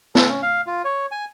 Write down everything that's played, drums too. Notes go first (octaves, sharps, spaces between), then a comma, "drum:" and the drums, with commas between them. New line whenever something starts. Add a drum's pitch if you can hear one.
A4, drum: snare
C#4
F5
F4
C#5
G#5